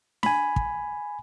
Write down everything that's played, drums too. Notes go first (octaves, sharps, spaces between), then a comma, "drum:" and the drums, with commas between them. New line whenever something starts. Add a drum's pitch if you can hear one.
G#5 B5, drum: snare D4
drum: kick